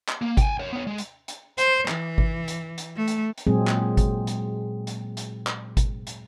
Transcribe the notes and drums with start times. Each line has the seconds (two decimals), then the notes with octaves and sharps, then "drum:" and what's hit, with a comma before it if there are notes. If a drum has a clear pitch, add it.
0.09 drum: clap
0.22 A#3
0.37 G5 G#5, drum: kick G#1, hi-hat
0.59 A#4 C#5
0.73 B3 C#5
0.87 G#3
0.98 drum: hi-hat
1.28 drum: hi-hat
1.58 C5, drum: hi-hat
1.88 E3, drum: clap
2.18 drum: kick G#1
2.48 drum: hi-hat
2.78 drum: hi-hat
2.96 A3
3.08 drum: hi-hat
3.38 drum: hi-hat
3.47 A#2 F#3 G#3 C4 G#4
3.67 drum: clap
3.97 drum: kick G#1, hi-hat
4.27 drum: hi-hat
4.87 drum: hi-hat
5.17 drum: hi-hat
5.47 drum: clap
5.77 drum: kick G#1, hi-hat
6.07 drum: hi-hat